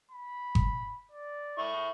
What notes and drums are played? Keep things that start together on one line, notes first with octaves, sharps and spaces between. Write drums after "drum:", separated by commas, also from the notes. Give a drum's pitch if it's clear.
B5
drum: kick G1
D5
E4 C#6